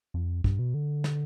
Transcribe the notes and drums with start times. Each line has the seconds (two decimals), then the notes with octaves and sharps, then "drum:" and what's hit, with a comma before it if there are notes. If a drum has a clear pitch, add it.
0.14 F2
0.44 G2, drum: kick
0.59 B2
0.74 D3
1.04 drum: snare